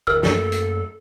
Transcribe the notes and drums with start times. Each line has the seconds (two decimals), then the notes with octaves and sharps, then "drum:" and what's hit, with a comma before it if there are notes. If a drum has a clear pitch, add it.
0.07 D1 A#4 E6 F6
0.23 F#2 A3 A#3 A4, drum: snare
0.52 drum: hi-hat